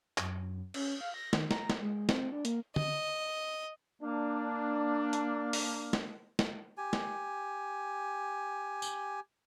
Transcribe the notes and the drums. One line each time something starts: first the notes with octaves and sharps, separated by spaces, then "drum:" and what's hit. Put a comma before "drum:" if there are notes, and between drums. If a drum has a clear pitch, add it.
F#2, drum: clap
C#4, drum: cymbal
F5
A#6
D#3, drum: snare
A#5, drum: snare
drum: snare
G#3
C4, drum: snare
D4
A#3, drum: hi-hat
D#5, drum: tom D3
A#3 D4
drum: hi-hat
drum: open hi-hat
drum: snare
drum: snare
G4 G#5
drum: snare
drum: tambourine